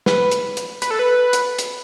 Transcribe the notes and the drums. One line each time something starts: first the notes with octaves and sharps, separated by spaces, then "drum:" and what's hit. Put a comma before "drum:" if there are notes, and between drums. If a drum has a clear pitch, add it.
B4, drum: snare
drum: hi-hat
drum: hi-hat
B4, drum: hi-hat
A4
B4
drum: hi-hat
drum: hi-hat